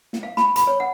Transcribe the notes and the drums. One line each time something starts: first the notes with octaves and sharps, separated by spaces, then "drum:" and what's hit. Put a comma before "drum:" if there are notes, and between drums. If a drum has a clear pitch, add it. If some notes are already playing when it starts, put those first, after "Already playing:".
drum: snare
F5
B5, drum: snare
B5, drum: hi-hat
C#5
F#5